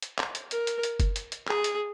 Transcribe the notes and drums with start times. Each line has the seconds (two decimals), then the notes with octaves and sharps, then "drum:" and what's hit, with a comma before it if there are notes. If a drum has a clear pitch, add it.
0.03 drum: hi-hat
0.19 drum: clap
0.35 drum: hi-hat
0.51 A#4, drum: hi-hat
0.67 drum: hi-hat
0.83 drum: hi-hat
1.00 drum: kick F#1, hi-hat
1.16 drum: hi-hat
1.32 drum: hi-hat
1.48 G#4, drum: clap
1.64 drum: hi-hat